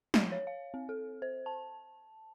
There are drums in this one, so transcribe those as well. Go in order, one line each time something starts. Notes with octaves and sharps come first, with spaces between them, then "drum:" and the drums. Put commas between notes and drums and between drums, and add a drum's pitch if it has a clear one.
drum: snare
C#5
F5
C4
A4
C5
A5